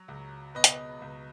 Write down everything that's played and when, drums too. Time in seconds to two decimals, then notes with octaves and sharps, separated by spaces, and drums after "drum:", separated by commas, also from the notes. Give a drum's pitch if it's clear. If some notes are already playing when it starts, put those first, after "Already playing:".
Already playing: F#3
0.08 C#2
0.55 B2 B4 D#5
0.64 drum: hi-hat
1.02 C#2